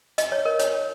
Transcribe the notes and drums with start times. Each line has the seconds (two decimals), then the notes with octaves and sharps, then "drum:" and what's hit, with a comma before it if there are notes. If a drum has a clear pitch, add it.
0.18 D#5, drum: hi-hat
0.32 C#5
0.45 A#4
0.59 C#5, drum: hi-hat